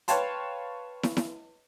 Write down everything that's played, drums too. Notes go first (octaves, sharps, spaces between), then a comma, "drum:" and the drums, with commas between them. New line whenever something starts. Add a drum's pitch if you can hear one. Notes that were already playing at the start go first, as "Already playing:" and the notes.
B4 C#5 F5 G5 A5 C6, drum: hi-hat
drum: snare
drum: snare